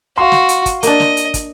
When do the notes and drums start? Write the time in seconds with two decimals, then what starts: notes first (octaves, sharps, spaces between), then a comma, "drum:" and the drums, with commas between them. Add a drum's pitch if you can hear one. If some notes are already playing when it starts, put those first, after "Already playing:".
0.18 F#4 F5 C6
0.32 drum: snare
0.49 drum: hi-hat
0.66 drum: kick, hi-hat
0.83 A#3 D4 D#5, drum: hi-hat
1.00 drum: snare
1.17 drum: hi-hat
1.34 drum: kick, hi-hat